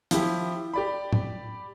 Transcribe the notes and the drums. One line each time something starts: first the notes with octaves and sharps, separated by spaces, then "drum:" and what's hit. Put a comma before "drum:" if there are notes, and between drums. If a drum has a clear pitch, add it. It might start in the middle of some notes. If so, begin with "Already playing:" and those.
F3 E4 G4, drum: hi-hat
G4 D5 B5
drum: tom A2